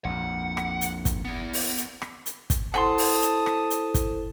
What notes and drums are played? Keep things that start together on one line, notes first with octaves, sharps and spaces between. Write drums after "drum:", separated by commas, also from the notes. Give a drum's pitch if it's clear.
A#1 F2 F#5
drum: rim click
drum: hi-hat
drum: kick, hi-hat
E2 B3
drum: open hi-hat
drum: hi-hat
drum: rim click
drum: hi-hat
drum: kick, hi-hat
E4 A4 C5 F#5 G#5 A5 C6 D#6, drum: rim click
drum: open hi-hat
drum: hi-hat
drum: rim click
drum: hi-hat
drum: kick, hi-hat